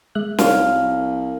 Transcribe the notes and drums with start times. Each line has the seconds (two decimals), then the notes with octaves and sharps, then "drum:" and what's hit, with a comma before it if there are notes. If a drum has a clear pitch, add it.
0.15 G#3 E5 F#6
0.38 C2 D#4 F#4 C#5 F5, drum: snare